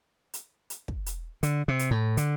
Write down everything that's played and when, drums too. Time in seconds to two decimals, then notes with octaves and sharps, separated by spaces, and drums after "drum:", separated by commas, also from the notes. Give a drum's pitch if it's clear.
0.34 drum: hi-hat
0.70 drum: hi-hat
0.88 drum: kick
1.06 drum: hi-hat
1.43 D3, drum: hi-hat
1.68 C3
1.79 drum: hi-hat
1.91 A2
2.17 D3, drum: hi-hat